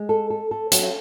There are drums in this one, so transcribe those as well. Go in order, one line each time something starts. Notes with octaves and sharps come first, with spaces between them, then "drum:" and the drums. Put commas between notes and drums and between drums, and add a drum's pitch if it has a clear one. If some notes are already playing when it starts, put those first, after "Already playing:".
Already playing: G#3
A4
A4
A4
F#3, drum: hi-hat